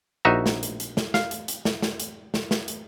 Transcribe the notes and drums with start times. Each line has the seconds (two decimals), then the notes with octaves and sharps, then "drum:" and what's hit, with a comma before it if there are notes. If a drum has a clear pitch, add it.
0.25 A#1 D#4 F#4 E5 A#5
0.46 drum: snare
0.63 drum: hi-hat
0.80 drum: hi-hat
0.97 drum: snare
1.14 F5, drum: snare
1.31 drum: hi-hat
1.48 drum: hi-hat
1.65 drum: snare
1.82 drum: snare
2.00 drum: hi-hat
2.34 drum: snare
2.51 drum: snare
2.68 drum: hi-hat